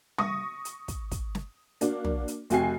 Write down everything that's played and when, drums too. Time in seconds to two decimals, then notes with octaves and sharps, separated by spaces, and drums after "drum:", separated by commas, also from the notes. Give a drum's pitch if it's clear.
0.18 C#6 D#6 A#6, drum: tom G3
0.65 drum: hi-hat
0.88 drum: kick, hi-hat
1.11 drum: kick, hi-hat
1.35 drum: snare
1.81 A#3 D4 F#4, drum: hi-hat
2.05 drum: tom
2.28 drum: hi-hat
2.50 F1 C4 F#4 G5 G#5 C7, drum: hi-hat